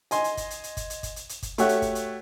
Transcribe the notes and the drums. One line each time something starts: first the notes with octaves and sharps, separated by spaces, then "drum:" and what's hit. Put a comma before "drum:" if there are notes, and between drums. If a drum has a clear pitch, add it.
D#5 G#5 C6, drum: hi-hat
drum: hi-hat
drum: kick G1, hi-hat
drum: hi-hat
drum: hi-hat
drum: kick G1, hi-hat
drum: hi-hat
drum: kick G1, hi-hat
drum: hi-hat
drum: hi-hat
drum: kick G1, hi-hat
A3 F#4 G4 C#5 E5 F#5, drum: hi-hat
drum: hi-hat
drum: kick G1, hi-hat
drum: hi-hat